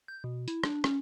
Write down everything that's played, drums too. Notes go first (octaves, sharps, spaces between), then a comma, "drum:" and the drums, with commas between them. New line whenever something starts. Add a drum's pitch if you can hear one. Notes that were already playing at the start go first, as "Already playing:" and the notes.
G6
B2
E4, drum: hi-hat
D4, drum: rim click
C#4, drum: rim click